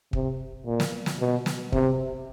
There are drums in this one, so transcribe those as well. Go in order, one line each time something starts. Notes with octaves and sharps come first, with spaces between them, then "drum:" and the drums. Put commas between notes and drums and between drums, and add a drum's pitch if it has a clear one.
C3, drum: kick
A#2
drum: snare
drum: snare
B2
drum: snare
C3, drum: kick